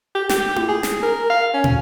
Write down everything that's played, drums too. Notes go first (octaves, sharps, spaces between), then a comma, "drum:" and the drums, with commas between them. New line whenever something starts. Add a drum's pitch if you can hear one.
G4
G4, drum: snare
drum: tom E4
G#4
drum: snare
A#4
F5
C#4
drum: tom